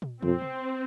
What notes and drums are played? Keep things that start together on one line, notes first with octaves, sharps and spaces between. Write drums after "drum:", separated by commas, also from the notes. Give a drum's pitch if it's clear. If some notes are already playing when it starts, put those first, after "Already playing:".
drum: tom
F2 C4, drum: tom
drum: tom C3